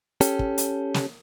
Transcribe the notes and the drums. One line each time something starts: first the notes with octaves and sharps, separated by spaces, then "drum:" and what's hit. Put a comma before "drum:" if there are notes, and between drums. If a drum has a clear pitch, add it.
C#4 G4 A4, drum: hi-hat
drum: kick
drum: hi-hat
drum: snare